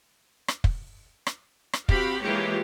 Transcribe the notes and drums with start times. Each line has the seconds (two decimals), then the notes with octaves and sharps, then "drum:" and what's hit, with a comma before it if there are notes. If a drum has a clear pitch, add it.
0.48 drum: rim click
0.64 drum: kick
1.27 drum: rim click
1.73 drum: rim click
1.89 C4 F#4 G4 F5 B5, drum: kick
2.20 E3 G#3 A#3 F4 G4 C#5